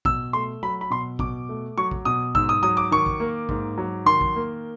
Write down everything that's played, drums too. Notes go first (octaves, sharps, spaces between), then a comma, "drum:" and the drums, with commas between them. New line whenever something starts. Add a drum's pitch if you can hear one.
B2 E6, drum: kick A#1
A3 C6
F#3 B5
B5
B2 C6
B2 D6, drum: kick A#1
A3
F#3 C#6
drum: kick A#1
B2 D#6
G#2 E6, drum: kick A#1
D#6
F#3 D#6
D6
D#3 C#6
drum: kick A#1
A#3
G#2, drum: kick A#1
F#3
D#3 C6
drum: kick A#1
A#3